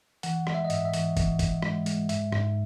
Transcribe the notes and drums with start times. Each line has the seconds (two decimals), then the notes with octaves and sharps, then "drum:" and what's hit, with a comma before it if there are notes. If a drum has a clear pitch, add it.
0.23 E3 F#5, drum: hi-hat
0.47 G#3, drum: rim click
0.54 E5
0.65 D#5
0.70 G#2 E5, drum: hi-hat
0.85 E5
0.94 E3, drum: hi-hat
1.17 E3, drum: kick, hi-hat
1.39 E3, drum: kick, hi-hat
1.62 G#3, drum: rim click
1.86 G#3, drum: hi-hat
2.09 G#2 E5, drum: hi-hat
2.32 G#2, drum: rim click